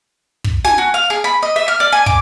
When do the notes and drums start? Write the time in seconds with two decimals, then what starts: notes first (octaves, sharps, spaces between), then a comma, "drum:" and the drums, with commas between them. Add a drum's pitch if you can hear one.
0.44 drum: kick
0.64 G#5, drum: snare
0.78 F#4
0.94 F5
1.10 G#4
1.24 B5
1.42 D#5
1.56 E5
1.68 F6
1.80 D5
1.92 G#5
2.06 D6, drum: kick